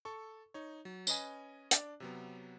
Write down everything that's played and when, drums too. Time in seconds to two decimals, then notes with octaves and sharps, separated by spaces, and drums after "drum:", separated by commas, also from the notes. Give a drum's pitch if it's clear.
0.05 A4 C#6
0.54 D#4 C#5
0.85 F#3
1.07 C#4 B4 D#5 G#5, drum: tambourine
1.71 D4 D5, drum: hi-hat
2.00 C3 F#3 B3